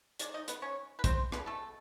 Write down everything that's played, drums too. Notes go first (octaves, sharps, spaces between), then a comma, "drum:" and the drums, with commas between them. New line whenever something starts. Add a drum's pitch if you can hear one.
D#3 G#3 D5, drum: hi-hat
D#4 D#5
B3 B4, drum: hi-hat
C#4 C#5
B4
C4 C5, drum: kick, hi-hat
B2 G#3 B3 B4, drum: rim click
A3 A4